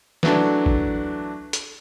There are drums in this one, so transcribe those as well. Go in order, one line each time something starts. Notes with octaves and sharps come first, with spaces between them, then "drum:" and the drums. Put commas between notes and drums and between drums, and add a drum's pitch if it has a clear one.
E3 F#3 A3 D4, drum: snare
drum: kick
drum: hi-hat